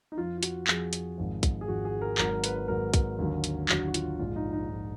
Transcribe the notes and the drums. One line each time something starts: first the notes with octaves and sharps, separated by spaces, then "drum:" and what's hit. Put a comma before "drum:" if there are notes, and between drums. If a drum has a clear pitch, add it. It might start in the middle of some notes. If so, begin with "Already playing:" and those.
D#4
F2 F3 F4
F4
F#4, drum: hi-hat
F2 F3 G#4, drum: clap
drum: hi-hat
G#1 G#2 F3
drum: kick, hi-hat
G#4
G#1 G#2 F3 F#4
G#4
A#4
G#1 G#2 F#3 A#4, drum: clap
B4, drum: hi-hat
B4
G#1 G#2 F#3 A#4
drum: kick, hi-hat
D#2 D3 F#3
drum: hi-hat
D#2 D3 F#3 F#4, drum: clap
F#4
F4, drum: hi-hat
A#1 G#2 F3 F4
D#4
D#4
G#2 F3